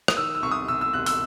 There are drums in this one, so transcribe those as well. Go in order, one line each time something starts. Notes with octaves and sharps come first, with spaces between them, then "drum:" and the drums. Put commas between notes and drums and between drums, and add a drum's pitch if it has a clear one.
D#6, drum: rim click
D#3 E6
E6
C2 C#6
D#6
C2 E6
E6
C2 F#6
E6, drum: open hi-hat